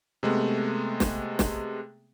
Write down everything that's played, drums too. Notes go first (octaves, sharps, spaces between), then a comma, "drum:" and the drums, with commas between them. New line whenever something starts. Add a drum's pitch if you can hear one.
C3 G#3 A3 B3
drum: snare
drum: snare